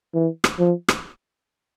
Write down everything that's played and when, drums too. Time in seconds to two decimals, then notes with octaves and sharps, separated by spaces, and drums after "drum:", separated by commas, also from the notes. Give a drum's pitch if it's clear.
0.14 E3
0.44 drum: rim click
0.59 F3
0.88 drum: rim click